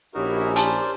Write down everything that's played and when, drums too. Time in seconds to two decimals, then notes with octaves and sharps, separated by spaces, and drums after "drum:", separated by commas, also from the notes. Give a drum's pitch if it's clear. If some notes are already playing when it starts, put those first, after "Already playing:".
0.14 A#1 C#4 D#4 E4 F#4 G4 A#4
0.56 A#4 C5 D5 G#5 A5 C#6, drum: hi-hat